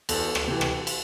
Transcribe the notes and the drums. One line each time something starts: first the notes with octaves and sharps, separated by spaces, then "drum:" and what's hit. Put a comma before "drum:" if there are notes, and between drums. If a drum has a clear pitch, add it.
E2 A4, drum: cymbal
drum: rim click
C3 E3
drum: rim click
drum: cymbal